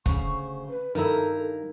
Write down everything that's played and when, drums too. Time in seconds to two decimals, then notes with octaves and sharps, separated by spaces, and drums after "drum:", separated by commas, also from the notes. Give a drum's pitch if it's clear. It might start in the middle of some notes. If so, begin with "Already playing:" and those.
0.06 D2 C#3 C5 C#6, drum: kick
0.69 B4
0.95 G2 D#3 E4 A4 A#4 A#5